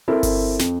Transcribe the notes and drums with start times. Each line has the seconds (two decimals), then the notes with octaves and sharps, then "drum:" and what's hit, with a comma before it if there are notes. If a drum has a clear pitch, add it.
0.08 C4 E4 A4 A#4
0.23 drum: kick G1, open hi-hat
0.59 F2, drum: snare